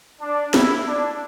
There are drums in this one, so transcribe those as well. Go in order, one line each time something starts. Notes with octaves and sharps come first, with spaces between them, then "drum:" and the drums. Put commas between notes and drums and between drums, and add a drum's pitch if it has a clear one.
D4
E4, drum: snare
D4